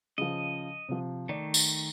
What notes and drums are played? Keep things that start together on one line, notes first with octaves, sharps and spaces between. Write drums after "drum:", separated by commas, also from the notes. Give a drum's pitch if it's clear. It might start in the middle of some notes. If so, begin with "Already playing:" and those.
C#3 F3 D#5
C3 F3
D#3 A3 D5
drum: tambourine